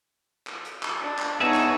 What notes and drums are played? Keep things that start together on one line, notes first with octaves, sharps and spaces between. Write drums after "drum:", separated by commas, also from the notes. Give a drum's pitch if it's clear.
drum: clap
drum: hi-hat
drum: clap
D4
drum: clap
B3 D#4 G#4 C#5 E5 A5
drum: clap